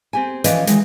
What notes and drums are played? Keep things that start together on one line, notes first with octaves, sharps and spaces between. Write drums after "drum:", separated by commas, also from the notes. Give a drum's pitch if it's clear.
C4 G4 G#5
E3 F3 C#4 B4 D5 D#5, drum: hi-hat
D#3 E3 F#3 G#3, drum: hi-hat